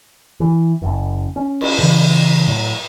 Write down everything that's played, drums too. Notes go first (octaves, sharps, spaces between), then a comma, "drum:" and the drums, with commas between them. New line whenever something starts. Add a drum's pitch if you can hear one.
E3
F#1 F#2
C#4
drum: cymbal
C#3 E3
A2 F#3